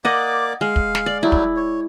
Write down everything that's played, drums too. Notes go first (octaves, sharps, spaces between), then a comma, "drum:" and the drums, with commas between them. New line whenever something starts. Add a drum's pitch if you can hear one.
A#3 D5 D#5 F#5 D6
G#3 F5
drum: kick
drum: snare
D5
F#3 G3 E4
drum: kick
C#5